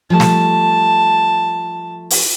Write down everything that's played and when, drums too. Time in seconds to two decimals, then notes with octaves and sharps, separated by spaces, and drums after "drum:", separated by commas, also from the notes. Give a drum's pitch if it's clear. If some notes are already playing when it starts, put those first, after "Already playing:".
0.10 F3 G3 A3 A5
0.20 drum: snare
2.10 drum: open hi-hat